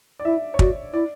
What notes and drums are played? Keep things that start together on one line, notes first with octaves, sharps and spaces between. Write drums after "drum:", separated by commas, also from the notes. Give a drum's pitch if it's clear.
D5
E4 E5
C#5
F#4 D5, drum: kick
E4 D5